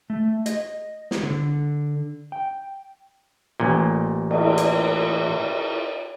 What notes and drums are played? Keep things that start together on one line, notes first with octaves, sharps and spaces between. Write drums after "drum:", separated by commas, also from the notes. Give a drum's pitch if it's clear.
A3
D#5, drum: hi-hat
drum: snare
D3
G5
A1 A#2
drum: cymbal
drum: hi-hat